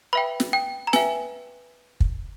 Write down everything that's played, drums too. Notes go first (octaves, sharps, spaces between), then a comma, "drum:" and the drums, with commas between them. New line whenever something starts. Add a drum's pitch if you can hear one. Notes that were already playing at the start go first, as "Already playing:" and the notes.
B4 E5 G5 B5
drum: snare
G5
A#5
B4 E5 G5 G#5, drum: snare
drum: kick